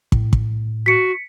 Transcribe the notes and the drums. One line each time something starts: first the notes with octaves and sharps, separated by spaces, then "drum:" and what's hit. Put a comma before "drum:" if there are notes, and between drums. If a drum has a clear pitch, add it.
A2, drum: kick
drum: kick
F#4 B6 C#7